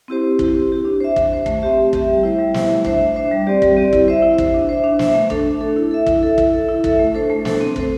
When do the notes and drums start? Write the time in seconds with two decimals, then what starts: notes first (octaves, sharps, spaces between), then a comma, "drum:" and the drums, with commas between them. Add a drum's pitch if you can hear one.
0.08 C4 E4 G4 C5
0.24 C4
0.39 E4 G4, drum: kick
0.54 C4
0.70 E4 G4
0.85 D4
1.01 C5 E5
1.16 D4, drum: kick
1.32 C5 E5
1.46 A3, drum: kick
1.62 C4 G4 E5
1.77 A3
1.93 C4 G4 E5, drum: kick
2.08 G3
2.23 E4 C5 E5
2.38 G3
2.54 E4 C5 E5, drum: snare
2.70 A3
2.85 D4 C5 E5, drum: kick
3.00 A3
3.15 D4 C5 E5
3.31 G3
3.47 C4 G4 D5
3.62 G3, drum: kick
3.77 C4 G4 D5
3.93 E4, drum: kick
4.08 C5 E5
4.22 E4
4.38 C5 E5, drum: kick
4.54 D4
4.69 C5 E5
4.84 D4
4.99 C5 E5, drum: snare
5.14 A3
5.30 D4 A4, drum: kick
5.46 A3
5.61 D4 A4
5.76 E4
5.91 A4 E5
6.06 E4, drum: kick
6.23 A4 E5
6.38 E4, drum: kick
6.53 A4 E5
6.69 E4
6.84 A4 E5, drum: kick
6.99 A3
7.14 D4 A4 C5
7.30 A3
7.45 D4 A4 C5, drum: snare
7.61 C4
7.76 A4 C5, drum: kick